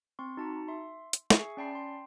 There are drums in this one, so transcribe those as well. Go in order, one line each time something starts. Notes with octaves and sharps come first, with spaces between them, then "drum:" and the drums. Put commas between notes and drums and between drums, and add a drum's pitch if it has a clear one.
C4 C6 C#6
D#4 F#4 A5 A#5 C#7
E5 C6
drum: hi-hat
G#4 E5 G#5 C#6 C7, drum: snare
C#4 D5 G5 A5 B5 C7
G5 C6